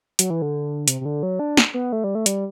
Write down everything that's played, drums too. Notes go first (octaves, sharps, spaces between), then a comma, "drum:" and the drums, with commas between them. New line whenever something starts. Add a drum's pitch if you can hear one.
F#3, drum: hi-hat
E3
D3
C3, drum: hi-hat
C3
D3
F#3
D4
drum: snare
B3
A3
G3
A3
G3, drum: hi-hat